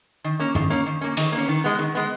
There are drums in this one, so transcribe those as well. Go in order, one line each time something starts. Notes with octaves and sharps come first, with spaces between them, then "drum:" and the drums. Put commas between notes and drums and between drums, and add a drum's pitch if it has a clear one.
D#3
A#3 C#4
D#3, drum: tom
A#3 C#4
D#3
A#3 C#4
D#3, drum: cymbal
A#3 C#4
D#3
G#3 B3
D#3
G#3 B3